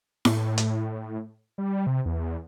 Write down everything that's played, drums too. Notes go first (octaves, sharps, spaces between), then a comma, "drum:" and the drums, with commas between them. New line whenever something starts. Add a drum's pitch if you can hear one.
A2, drum: snare E4
drum: hi-hat
G3
C3
E2